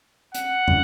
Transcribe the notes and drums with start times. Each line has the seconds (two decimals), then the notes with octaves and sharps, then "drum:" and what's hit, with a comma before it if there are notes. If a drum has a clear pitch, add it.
0.34 F#5, drum: hi-hat
0.68 drum: tom